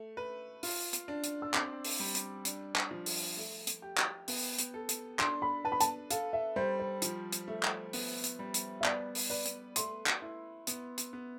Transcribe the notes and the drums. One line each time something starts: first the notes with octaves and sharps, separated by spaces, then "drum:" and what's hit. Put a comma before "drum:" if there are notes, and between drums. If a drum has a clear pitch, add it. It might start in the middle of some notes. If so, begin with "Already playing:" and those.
Already playing: A3
B4
F4, drum: open hi-hat
drum: hi-hat
D4
drum: hi-hat
E6
C4 D6, drum: clap
drum: open hi-hat
G3
drum: hi-hat
D4, drum: hi-hat
drum: clap
F3
drum: open hi-hat
A3
drum: hi-hat
G4
drum: clap
B3, drum: open hi-hat
drum: hi-hat
A4
drum: hi-hat
D4 C6, drum: clap
B5
B4 A5
B5
A5, drum: hi-hat
A4 F5, drum: hi-hat
E5
G3 C5
C5
F3, drum: hi-hat
drum: hi-hat
A3
drum: clap
B3, drum: open hi-hat
drum: hi-hat
G3
drum: hi-hat
E5
B3 D5, drum: clap
drum: open hi-hat
B4 D5
drum: hi-hat
A3 C6, drum: hi-hat
drum: clap
E4
B3, drum: hi-hat
drum: hi-hat
B3